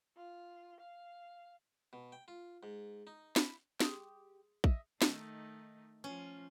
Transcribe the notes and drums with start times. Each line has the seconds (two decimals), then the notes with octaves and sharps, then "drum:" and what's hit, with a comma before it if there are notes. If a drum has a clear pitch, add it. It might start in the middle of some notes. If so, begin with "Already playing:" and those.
0.17 F4
0.80 F5
1.93 B2
2.12 G5
2.28 F4
2.63 G#2
3.07 D#4
3.36 E4, drum: snare
3.80 G4 G#4 C6 D#6, drum: snare
4.64 D#5 E5, drum: kick
5.02 D#3 A3 D#4, drum: snare
6.04 F3 C#4 F4